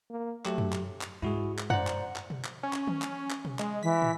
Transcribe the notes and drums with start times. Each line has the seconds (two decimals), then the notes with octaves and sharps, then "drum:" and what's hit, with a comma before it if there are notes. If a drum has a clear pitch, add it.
0.10 A#3
0.45 F#3 A3 G4, drum: clap
0.58 drum: tom F#2
0.73 drum: clap
1.01 drum: clap
1.22 G#2 G#3 E4 F#4 G#4
1.59 drum: clap
1.70 C5 D5 F#5 A#5, drum: tom F#2
1.87 drum: clap
2.16 drum: clap
2.30 drum: tom B2
2.45 drum: clap
2.63 C#4
2.73 drum: clap
2.87 drum: tom D#3
3.02 drum: clap
3.30 drum: clap
3.45 drum: tom B2
3.59 G#3, drum: clap
3.83 E3 B6
4.02 drum: tom